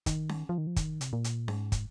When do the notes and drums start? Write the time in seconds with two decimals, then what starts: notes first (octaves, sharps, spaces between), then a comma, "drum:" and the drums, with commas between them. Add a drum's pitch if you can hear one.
0.06 D#3, drum: kick, hi-hat
0.29 drum: snare C#4
0.49 F3
0.58 D#3
0.67 F3
0.76 D#3, drum: kick, hi-hat
1.01 C3, drum: hi-hat
1.13 A#2
1.24 drum: hi-hat
1.48 G#2, drum: snare C#4
1.72 drum: kick, hi-hat